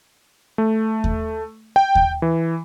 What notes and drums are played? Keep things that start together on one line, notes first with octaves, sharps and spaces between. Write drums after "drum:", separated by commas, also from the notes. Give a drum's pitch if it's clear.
A3
drum: kick D#2
G5
drum: kick D#2
E3